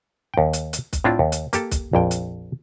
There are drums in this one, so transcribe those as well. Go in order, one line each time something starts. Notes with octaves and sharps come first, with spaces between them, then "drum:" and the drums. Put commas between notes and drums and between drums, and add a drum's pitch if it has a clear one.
D#2 G5
drum: hi-hat
drum: hi-hat
drum: kick, hi-hat
A2 C4 D4 E4 F4
D#2
drum: hi-hat
A#3 G4 A4, drum: hi-hat
drum: kick, hi-hat
A#1 F2 G5
drum: hi-hat